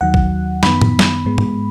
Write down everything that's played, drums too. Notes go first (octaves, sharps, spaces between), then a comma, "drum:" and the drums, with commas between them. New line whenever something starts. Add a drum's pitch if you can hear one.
D#2 D#3 F#3 F#5
drum: kick A#1
F#2 D#3 B3 B5, drum: snare
drum: tom A2
drum: snare
G#2 G#3 B3
drum: tom